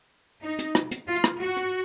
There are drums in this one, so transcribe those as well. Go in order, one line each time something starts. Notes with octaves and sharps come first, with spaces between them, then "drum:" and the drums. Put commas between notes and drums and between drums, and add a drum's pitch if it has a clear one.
D#4
drum: hi-hat
drum: rim click
drum: hi-hat
F4
drum: rim click
F#4
drum: hi-hat